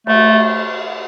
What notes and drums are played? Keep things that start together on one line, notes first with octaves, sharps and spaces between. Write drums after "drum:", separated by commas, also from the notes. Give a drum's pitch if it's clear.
A3, drum: cymbal